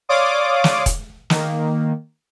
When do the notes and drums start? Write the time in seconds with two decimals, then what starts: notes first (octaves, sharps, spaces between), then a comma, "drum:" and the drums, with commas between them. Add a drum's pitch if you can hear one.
0.09 C#5 D5 F5 C6 D6 D#6
0.64 drum: snare
0.86 drum: kick E1, hi-hat
1.30 D#3 A#3, drum: snare